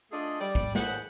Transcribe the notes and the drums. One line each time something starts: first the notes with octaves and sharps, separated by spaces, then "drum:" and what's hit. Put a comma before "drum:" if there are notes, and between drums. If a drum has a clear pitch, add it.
A3 D4 F4 G#4 A4 D#5
G3 D5
drum: kick
D#2 A2 G#4 B4 C5 F#5, drum: snare